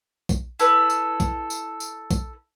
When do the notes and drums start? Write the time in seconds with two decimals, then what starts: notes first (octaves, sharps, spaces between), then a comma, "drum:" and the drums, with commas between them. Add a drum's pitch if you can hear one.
0.29 drum: kick A#1, tambourine
0.59 E4 A4 B4, drum: tambourine
0.90 drum: tambourine
1.20 drum: kick A#1, tambourine
1.50 drum: tambourine
1.80 drum: tambourine
2.11 drum: kick A#1, tambourine